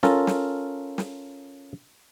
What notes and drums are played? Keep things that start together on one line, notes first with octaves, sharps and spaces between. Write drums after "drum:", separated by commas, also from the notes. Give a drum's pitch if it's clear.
C#4 F4 A4 A#4, drum: snare
drum: snare
drum: snare